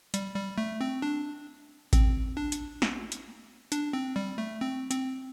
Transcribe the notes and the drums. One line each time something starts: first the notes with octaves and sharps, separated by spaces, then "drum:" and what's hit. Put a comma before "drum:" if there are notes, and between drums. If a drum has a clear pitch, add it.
G3, drum: hi-hat
G3
A3
C4
D4
C4, drum: kick A1, hi-hat
D4
drum: hi-hat
drum: snare
drum: hi-hat
D4, drum: hi-hat
C4
G3
A3
C4
C4, drum: hi-hat